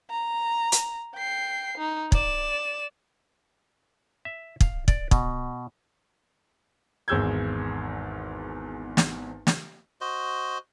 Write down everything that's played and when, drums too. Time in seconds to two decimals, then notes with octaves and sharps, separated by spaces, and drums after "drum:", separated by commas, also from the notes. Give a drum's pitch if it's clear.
0.10 A#5
0.72 drum: hi-hat
1.15 G5 C7
1.78 D#4
2.12 D5 E7, drum: kick
4.25 E5
4.61 F5, drum: kick
4.88 D5, drum: kick
5.11 B2, drum: kick
7.08 G#1 E2 G#4 E6 G6 G#6
8.97 drum: snare
9.47 drum: snare
10.01 F#4 C5 D#5